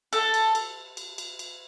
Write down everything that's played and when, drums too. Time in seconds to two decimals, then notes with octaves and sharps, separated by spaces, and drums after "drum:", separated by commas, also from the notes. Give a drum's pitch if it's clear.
0.13 A4, drum: cymbal
0.34 drum: cymbal
0.55 drum: cymbal
0.97 drum: cymbal
1.18 drum: cymbal
1.39 drum: cymbal